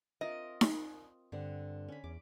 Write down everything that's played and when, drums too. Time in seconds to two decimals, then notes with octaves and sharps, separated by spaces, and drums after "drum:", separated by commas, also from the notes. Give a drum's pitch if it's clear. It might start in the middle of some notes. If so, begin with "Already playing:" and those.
0.21 C4 F4 A#4 D#5
0.61 drum: snare D#4
1.32 G2 D3 C4 F#5
1.88 C#4 B5
2.04 E2 D6